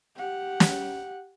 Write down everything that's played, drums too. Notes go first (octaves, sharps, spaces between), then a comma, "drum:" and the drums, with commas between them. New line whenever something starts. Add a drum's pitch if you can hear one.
G4 F#5
drum: snare